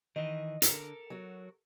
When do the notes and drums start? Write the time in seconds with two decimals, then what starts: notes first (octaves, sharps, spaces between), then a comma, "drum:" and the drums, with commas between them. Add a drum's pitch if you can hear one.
0.16 D#3 E3 D#5
0.62 D3 A4 A#4, drum: hi-hat
1.10 F#3 F#4